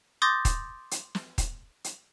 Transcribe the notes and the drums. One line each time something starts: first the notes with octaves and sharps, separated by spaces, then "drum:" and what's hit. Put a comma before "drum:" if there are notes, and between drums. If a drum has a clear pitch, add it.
C6 D6 D#6 G6 A6 A#6
drum: kick D#1, hi-hat
drum: hi-hat
drum: snare
drum: kick D#1, hi-hat
drum: hi-hat